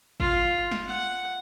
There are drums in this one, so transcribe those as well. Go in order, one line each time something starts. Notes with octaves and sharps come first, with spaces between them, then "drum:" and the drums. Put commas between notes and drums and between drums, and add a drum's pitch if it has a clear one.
F4, drum: kick G#1
drum: snare
F#5